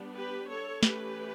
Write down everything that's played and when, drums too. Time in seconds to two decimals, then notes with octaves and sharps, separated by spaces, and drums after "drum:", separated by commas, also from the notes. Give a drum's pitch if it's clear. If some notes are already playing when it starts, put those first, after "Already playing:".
Already playing: G3 B3 D4
0.16 G4 B4
0.49 A4 C#5
0.83 E3 A3 C#4 G4 B4, drum: snare